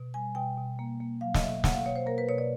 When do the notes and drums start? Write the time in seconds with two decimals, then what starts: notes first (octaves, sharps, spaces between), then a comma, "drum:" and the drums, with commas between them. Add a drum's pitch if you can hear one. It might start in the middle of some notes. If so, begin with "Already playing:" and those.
Already playing: B2
0.14 G3 G#5
0.35 B2 G5
0.58 B2
0.79 A#3
1.00 A#3
1.21 F#3 F5
1.34 D#5, drum: snare
1.42 B2 E5
1.64 A#3 F#5, drum: snare
1.74 F5
1.86 B2 C#5
1.96 C5
2.06 A#3 A#4
2.18 B4
2.29 B2 C#5
2.38 D5